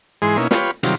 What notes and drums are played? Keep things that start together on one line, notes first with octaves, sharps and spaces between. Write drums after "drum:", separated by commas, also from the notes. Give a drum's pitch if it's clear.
G#2 E3 G#3 G#4 C6
B2 A#3 C#4 D#4 E4
F4 G4 B4 C#5, drum: snare
C3 D#3 F#3 G3 F4, drum: hi-hat